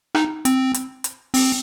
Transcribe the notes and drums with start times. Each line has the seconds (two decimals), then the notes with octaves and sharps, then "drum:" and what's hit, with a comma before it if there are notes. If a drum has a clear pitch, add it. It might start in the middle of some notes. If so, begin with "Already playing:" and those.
0.15 D#4, drum: rim click
0.45 C4, drum: hi-hat
0.74 drum: hi-hat
1.04 drum: hi-hat
1.34 C4, drum: open hi-hat